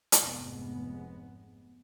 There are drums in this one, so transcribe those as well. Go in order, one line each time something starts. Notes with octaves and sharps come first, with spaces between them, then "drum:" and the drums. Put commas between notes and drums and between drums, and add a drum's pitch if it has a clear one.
drum: hi-hat
F1 G#2 G#3 B3